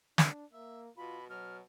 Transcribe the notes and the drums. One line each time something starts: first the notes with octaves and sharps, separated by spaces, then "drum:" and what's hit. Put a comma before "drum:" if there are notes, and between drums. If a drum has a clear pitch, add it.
D4, drum: snare
A#3 E5
B2 F4 B5
B2 F#3 F6